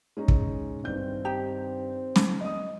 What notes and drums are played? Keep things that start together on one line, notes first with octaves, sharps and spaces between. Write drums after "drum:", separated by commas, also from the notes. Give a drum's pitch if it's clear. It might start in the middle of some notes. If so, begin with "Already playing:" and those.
G#3 C#4 D#4
drum: kick
G2 D#3 C4 G6
D#4 G4
drum: snare
D#5 D#6